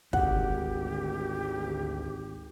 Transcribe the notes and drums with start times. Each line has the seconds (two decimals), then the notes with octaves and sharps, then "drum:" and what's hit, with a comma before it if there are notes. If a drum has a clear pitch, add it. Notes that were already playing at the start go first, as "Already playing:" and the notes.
0.13 G#1 D2 G4 F#5, drum: kick